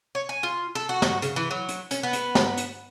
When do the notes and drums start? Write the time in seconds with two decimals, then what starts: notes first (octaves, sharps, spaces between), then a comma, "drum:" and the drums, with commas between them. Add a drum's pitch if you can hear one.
0.15 C#5
0.29 G#5
0.43 F4
0.75 A4
0.89 F#4
1.02 drum: snare
1.22 C#3, drum: hi-hat
1.36 E3
1.51 F#3
1.69 drum: hi-hat
1.91 C#4, drum: hi-hat
2.03 B3
2.13 drum: hi-hat
2.35 drum: snare
2.57 drum: hi-hat